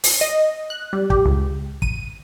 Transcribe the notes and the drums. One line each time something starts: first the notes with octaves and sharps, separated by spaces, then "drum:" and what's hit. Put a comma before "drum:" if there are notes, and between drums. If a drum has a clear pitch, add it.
drum: open hi-hat
D#5
F#6
G3
G4, drum: kick
C#2
D#7, drum: kick